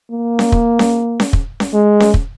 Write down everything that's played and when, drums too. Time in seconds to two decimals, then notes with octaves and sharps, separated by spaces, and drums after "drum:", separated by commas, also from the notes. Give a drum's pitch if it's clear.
0.12 A#3
0.39 drum: snare C#4
0.52 drum: kick
0.79 drum: snare C#4
1.20 drum: snare C#4
1.33 drum: kick
1.60 drum: snare C#4
1.74 G#3
2.00 drum: snare C#4
2.14 drum: kick